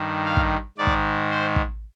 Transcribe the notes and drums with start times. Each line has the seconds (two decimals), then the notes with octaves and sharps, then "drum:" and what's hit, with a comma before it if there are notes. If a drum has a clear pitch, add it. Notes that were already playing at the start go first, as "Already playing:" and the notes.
Already playing: G2 D#3
0.25 F5
0.37 drum: kick
0.78 G#2 D#3 D5
0.87 drum: kick
1.30 C5
1.56 drum: kick